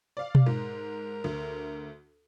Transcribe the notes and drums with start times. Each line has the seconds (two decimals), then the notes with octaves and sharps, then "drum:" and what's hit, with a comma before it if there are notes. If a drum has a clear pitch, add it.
0.17 D5 F5
0.35 drum: tom B2
0.47 G#2 A#4
1.24 D2